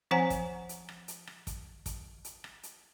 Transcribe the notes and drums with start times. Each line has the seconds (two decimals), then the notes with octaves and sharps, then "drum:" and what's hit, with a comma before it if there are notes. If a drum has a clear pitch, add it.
0.11 F3 C4 C5 F#5 G#5 A#5
0.30 drum: kick, hi-hat
0.69 drum: hi-hat
0.89 drum: rim click
1.08 drum: hi-hat
1.27 drum: rim click
1.47 drum: kick, hi-hat
1.86 drum: kick, hi-hat
2.25 drum: hi-hat
2.44 drum: rim click
2.63 drum: hi-hat